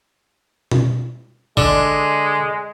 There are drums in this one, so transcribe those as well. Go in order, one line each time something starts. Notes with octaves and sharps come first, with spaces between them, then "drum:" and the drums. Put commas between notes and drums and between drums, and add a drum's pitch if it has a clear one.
drum: tom B2
D3 G#3, drum: kick A1